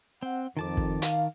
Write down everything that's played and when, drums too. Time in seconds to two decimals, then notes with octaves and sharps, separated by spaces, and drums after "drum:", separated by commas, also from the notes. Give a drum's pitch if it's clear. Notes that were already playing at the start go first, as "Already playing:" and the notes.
0.23 C4 F#5
0.57 F2 D#3 A5 D6
0.77 drum: kick
1.02 F5, drum: hi-hat